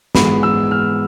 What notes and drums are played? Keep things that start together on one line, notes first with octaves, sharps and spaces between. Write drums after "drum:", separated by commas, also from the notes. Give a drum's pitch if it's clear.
G#2 E3 G#3 B3 B5, drum: snare
E6
F6